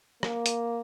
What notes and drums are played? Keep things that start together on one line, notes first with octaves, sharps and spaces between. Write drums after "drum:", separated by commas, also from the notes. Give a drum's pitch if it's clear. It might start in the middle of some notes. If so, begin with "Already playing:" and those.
A#3, drum: rim click
drum: hi-hat